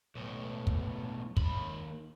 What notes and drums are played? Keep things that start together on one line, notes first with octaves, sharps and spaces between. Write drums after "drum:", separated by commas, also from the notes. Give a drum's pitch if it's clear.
B1 A2
drum: kick
D#2 B5, drum: kick